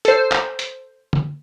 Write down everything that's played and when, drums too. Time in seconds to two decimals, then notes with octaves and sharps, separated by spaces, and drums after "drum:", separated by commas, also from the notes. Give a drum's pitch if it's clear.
0.05 A4 C5, drum: hi-hat
0.32 drum: clap
0.59 drum: hi-hat
1.13 drum: tom